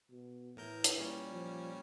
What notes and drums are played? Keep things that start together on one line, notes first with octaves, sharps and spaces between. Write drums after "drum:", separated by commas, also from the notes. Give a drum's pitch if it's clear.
B2
A2 E3 A#4 G6
drum: hi-hat
A#2 G3 C#4
F3